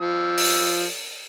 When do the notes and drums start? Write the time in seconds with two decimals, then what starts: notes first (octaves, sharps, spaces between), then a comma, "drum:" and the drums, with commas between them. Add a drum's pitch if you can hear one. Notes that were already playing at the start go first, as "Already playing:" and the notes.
0.01 F3 E6
0.38 drum: open hi-hat